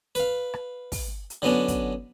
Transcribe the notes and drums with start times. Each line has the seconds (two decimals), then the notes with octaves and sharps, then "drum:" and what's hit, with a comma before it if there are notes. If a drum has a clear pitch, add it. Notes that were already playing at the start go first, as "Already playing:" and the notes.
0.15 B4 F5, drum: hi-hat
0.54 drum: rim click
0.92 drum: kick, open hi-hat
1.30 drum: hi-hat
1.42 D3 F#3 B3 C#4 D4
1.68 drum: kick, hi-hat